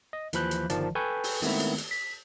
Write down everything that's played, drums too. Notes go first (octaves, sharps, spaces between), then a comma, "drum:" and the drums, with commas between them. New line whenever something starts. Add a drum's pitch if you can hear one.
D#5
D#2 E3 F3 B5 F#6 G6, drum: hi-hat
drum: hi-hat
G1 D#3 F3 D5 A5, drum: hi-hat
A4 B4 G5 G#5 C#6 G6
drum: open hi-hat
D#3 G#3 A3 B3 C4 E4, drum: open hi-hat
drum: hi-hat
drum: hi-hat
B6